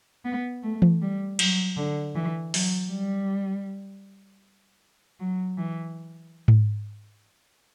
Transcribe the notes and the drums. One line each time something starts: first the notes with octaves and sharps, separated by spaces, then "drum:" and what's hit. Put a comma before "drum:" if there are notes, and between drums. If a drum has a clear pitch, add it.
B3
A3
drum: tom E3
G3
F#3, drum: cymbal
D3
E3
F#3, drum: open hi-hat
G3
F#3
E3
drum: tom G#2